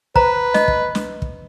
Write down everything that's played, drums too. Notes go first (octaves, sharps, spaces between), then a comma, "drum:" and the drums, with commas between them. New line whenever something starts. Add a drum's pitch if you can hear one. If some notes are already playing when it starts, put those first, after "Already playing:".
B4 C5 A#5, drum: kick
D#5, drum: snare
drum: kick
drum: snare
drum: kick